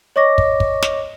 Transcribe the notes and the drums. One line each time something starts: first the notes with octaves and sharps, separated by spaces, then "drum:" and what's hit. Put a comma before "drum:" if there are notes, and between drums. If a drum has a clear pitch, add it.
C#5 D#5 C#6 D6 A#6
drum: kick
drum: kick
drum: snare